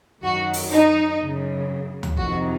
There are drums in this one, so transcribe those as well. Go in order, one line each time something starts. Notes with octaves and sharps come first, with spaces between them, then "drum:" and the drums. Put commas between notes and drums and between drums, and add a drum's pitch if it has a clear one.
F#2 D#3 F#4
drum: open hi-hat
D#4
F#2 C#3
drum: tom D2
F2 C3 D#3 F#4, drum: kick B1